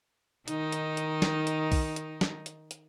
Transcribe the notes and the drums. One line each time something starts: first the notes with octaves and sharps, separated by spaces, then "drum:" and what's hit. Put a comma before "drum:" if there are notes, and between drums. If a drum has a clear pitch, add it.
D#3 D#4, drum: hi-hat
drum: hi-hat
drum: hi-hat
drum: snare
drum: hi-hat
drum: kick B1, open hi-hat
drum: hi-hat
drum: snare
drum: hi-hat
drum: hi-hat